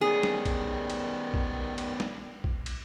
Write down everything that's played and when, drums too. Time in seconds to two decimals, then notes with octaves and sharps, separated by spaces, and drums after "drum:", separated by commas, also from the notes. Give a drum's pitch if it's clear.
0.01 D#3 G3 B3 C#4 G#4
0.23 drum: snare
0.45 drum: kick A#1, cymbal
0.90 drum: cymbal
1.34 drum: kick A#1
1.78 drum: cymbal
2.00 drum: snare
2.44 drum: kick A#1
2.66 drum: cymbal